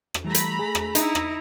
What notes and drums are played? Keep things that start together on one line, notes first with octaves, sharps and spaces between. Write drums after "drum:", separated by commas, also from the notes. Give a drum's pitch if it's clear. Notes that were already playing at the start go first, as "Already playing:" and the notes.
drum: rim click
E3 G3 A3 A#5 B5
drum: hi-hat
G#4
drum: rim click
D#4 E4 A#5, drum: hi-hat
drum: rim click